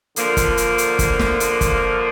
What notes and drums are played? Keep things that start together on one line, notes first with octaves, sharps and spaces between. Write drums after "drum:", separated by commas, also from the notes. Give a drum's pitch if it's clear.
D3 F3 A#3, drum: hi-hat
drum: kick, hi-hat
drum: hi-hat
drum: hi-hat
drum: kick, hi-hat
drum: snare
drum: hi-hat
drum: kick, hi-hat